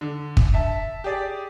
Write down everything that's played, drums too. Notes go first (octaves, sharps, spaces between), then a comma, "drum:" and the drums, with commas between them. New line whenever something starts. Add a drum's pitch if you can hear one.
D3
drum: kick
E5 A5
G4 G#4 D5